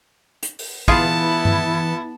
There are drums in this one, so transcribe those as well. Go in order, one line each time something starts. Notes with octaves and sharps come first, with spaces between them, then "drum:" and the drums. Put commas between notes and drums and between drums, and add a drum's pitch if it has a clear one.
drum: hi-hat
drum: open hi-hat
E3 B3 E4 F4 G#4 A5, drum: kick
drum: tom G2